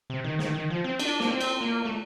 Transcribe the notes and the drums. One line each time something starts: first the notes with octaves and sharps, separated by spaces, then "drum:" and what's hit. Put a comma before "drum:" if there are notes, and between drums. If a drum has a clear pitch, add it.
C3
D#3
D#3, drum: snare
D#3
F3
C4
D4, drum: cymbal
A#3, drum: snare
C4
drum: cymbal
A#3
A3